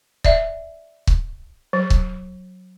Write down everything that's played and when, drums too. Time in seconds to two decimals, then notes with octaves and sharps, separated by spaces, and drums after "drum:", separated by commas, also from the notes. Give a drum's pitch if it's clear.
0.24 D5 E5, drum: kick C#1
1.07 drum: kick C#1
1.73 F#3
1.90 drum: kick C#1